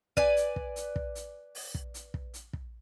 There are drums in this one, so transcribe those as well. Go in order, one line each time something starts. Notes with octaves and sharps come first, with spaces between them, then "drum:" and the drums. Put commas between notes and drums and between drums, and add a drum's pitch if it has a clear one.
B4 D5 G#5, drum: kick
drum: hi-hat
drum: kick
drum: hi-hat
drum: kick
drum: hi-hat
drum: open hi-hat
drum: kick
drum: hi-hat
drum: kick
drum: hi-hat
drum: kick